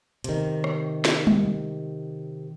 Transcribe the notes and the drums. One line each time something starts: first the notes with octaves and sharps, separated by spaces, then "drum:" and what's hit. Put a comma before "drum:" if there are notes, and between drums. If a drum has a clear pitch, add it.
C3 D#3, drum: hi-hat
drum: rim click
drum: snare
drum: tom G3